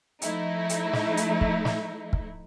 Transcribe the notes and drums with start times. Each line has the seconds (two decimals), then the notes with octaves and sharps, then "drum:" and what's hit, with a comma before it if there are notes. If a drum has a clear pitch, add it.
0.22 F3 A3 D#4 E4, drum: hi-hat
0.69 drum: hi-hat
0.93 drum: snare
1.17 drum: hi-hat
1.41 drum: kick
1.65 drum: snare
2.13 drum: kick